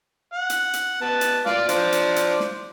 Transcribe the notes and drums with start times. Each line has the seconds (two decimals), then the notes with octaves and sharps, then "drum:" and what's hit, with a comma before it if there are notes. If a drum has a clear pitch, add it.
0.34 F#5
0.50 drum: hi-hat
0.73 drum: hi-hat
1.02 B3 A5
1.21 drum: hi-hat
1.46 F4 D5 F5, drum: snare
1.69 F3 D4 C5, drum: hi-hat
1.92 drum: hi-hat
2.16 drum: hi-hat
2.40 drum: snare